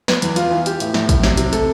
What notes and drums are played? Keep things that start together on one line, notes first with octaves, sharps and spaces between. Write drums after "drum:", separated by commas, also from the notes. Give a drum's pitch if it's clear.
B3, drum: snare
E2, drum: hi-hat
F4, drum: hi-hat
E3
G4, drum: hi-hat
A2, drum: hi-hat
A2, drum: snare
A2, drum: kick, hi-hat
C3, drum: snare
C3, drum: hi-hat
A4, drum: hi-hat